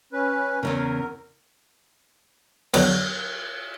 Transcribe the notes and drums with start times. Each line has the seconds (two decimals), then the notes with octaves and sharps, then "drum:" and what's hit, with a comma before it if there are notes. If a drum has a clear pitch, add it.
0.13 C#4 B4
0.63 E2 G2 C#3 A#4
2.74 D3 F#3 B3, drum: cymbal